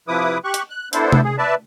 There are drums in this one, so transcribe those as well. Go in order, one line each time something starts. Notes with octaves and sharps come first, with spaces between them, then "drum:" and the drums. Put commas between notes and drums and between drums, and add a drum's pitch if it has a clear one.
C3 F3 E4 B4 D6 D#6
G4 C#6 F#6
drum: hi-hat
F#6
B3 D4 E4 A4 C5, drum: hi-hat
drum: tom C3
G#4
B4 D5 E5 A5